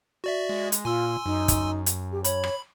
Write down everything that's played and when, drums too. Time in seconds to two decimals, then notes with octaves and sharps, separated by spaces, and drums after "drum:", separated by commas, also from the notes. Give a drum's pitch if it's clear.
0.24 F#4 D5 E5
0.49 G#3
0.72 drum: hi-hat
0.85 A#2 F4 G#5 C6 E6
1.26 F#2 D#4
1.48 drum: kick, hi-hat
1.86 drum: hi-hat
2.12 G4
2.24 C#5 B5, drum: hi-hat
2.44 drum: rim click